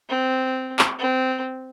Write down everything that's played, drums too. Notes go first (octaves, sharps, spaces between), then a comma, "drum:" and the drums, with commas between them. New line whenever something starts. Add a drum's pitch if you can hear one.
C4
drum: clap
C4